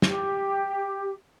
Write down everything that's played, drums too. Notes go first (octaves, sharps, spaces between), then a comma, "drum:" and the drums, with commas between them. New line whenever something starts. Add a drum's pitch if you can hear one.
G4, drum: snare